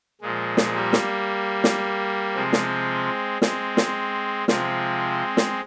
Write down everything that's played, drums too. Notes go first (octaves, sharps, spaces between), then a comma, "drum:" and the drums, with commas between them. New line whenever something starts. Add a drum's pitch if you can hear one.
A#2 F3 G#3
drum: snare
G3 A#3
drum: snare
drum: snare
C3 F3 G#3 C4
drum: snare
G#3 C4, drum: snare
drum: snare
C3 F3 G#3 C4, drum: snare
drum: snare